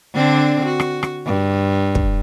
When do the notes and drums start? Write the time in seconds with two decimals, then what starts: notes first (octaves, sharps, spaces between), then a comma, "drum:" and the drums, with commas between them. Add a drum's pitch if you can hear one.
0.14 D3 C4 D4
0.65 F#4
0.80 drum: rim click
1.03 drum: rim click
1.26 G2
1.95 drum: kick